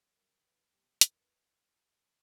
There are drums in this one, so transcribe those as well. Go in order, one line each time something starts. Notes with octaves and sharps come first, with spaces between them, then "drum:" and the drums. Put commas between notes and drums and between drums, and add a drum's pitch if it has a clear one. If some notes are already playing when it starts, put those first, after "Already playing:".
Already playing: F#2
D3 G3 A#4
E2 B4
B2 F#3 G4
E2 A#4, drum: hi-hat
B4